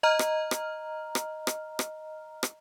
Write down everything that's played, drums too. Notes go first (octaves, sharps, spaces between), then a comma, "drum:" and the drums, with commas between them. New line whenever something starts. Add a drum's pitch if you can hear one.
D#5 A#5 F6
drum: rim click
drum: rim click
drum: rim click
drum: rim click
drum: rim click
drum: rim click